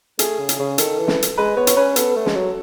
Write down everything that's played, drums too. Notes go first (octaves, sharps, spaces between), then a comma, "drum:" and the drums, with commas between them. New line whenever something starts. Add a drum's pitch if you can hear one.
A3 G#4, drum: hi-hat
C#3
drum: hi-hat
C#3
D#3 A4, drum: hi-hat
E3
drum: snare
drum: hi-hat
G#3 B4
B3 C#5
C#5, drum: hi-hat
C#4 B4
B3 A4, drum: hi-hat
A3
G#3, drum: snare
F#3